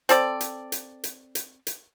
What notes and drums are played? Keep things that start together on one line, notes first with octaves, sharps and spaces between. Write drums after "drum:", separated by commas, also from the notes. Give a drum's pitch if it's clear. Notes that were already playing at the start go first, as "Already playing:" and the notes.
C4 A4 D5, drum: hi-hat
drum: hi-hat
drum: hi-hat
drum: hi-hat
drum: hi-hat
drum: hi-hat